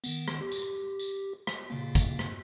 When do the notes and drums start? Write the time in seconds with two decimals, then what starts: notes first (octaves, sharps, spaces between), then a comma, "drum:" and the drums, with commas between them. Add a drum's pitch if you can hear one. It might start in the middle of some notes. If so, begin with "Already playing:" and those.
0.04 D#3 B3, drum: tambourine
0.28 drum: rim click
0.41 G4
0.52 drum: tambourine
0.99 drum: tambourine
1.47 drum: rim click
1.70 A#2 C#3 A#3
1.95 drum: kick, tambourine
2.19 drum: rim click